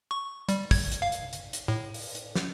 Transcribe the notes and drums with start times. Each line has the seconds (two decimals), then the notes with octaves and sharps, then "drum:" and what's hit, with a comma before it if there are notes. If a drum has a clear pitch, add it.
0.11 C#6
0.49 G3, drum: hi-hat
0.71 G#6, drum: kick, open hi-hat
0.92 drum: hi-hat
1.02 F5
1.12 drum: hi-hat
1.33 drum: hi-hat
1.53 drum: hi-hat
1.68 A2
1.94 drum: open hi-hat
2.15 drum: hi-hat
2.35 drum: snare